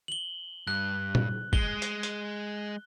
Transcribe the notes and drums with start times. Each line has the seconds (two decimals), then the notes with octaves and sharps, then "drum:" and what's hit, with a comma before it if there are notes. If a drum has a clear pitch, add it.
0.08 F#7 G7
0.67 G2 F#6
1.15 drum: tom A#2
1.53 G#3 G7, drum: kick
1.82 drum: hi-hat
2.03 drum: hi-hat